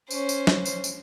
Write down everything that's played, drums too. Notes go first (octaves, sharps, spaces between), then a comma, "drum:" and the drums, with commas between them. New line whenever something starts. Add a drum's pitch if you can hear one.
C#4 C5, drum: tambourine
drum: tambourine
drum: snare
drum: tambourine
drum: tambourine